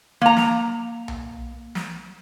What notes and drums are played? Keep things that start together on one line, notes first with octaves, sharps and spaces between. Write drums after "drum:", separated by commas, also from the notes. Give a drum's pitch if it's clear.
A#3 A#5
drum: snare
drum: tom B1
drum: snare